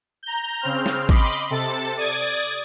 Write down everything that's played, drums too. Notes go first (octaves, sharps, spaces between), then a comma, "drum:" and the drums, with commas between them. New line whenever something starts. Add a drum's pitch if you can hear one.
A#5 G6
C#3 C4 F6
drum: snare
D#5 B5 C6 D6, drum: kick
C3 A4 A6
D5 D#6 G#6 A6